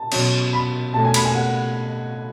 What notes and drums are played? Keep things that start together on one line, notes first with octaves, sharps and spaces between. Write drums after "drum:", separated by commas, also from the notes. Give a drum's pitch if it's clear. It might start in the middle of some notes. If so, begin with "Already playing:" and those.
Already playing: A5
B2 F#3 C#4, drum: cymbal
B5
B2 A3 C#4 A5
G#5
B5, drum: cymbal
G#5
F#5